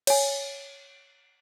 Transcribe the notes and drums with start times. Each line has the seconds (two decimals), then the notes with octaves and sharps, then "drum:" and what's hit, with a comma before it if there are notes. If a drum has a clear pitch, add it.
0.07 C#5 G#5, drum: cymbal